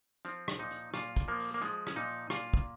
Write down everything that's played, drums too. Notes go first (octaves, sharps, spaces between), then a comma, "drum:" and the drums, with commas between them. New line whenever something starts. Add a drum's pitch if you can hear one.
F3 C4, drum: hi-hat
drum: rim click
A#2 D#4
drum: hi-hat
A#2 F4, drum: rim click
drum: kick, hi-hat
F3 A#3
drum: open hi-hat
A#3
F3 G#3, drum: hi-hat
C#4, drum: rim click
A#2 D#4
A#2 F4, drum: rim click
drum: kick